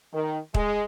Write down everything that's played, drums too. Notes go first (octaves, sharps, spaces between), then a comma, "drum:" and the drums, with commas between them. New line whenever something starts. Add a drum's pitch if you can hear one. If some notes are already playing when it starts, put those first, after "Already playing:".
D#3
G#3, drum: kick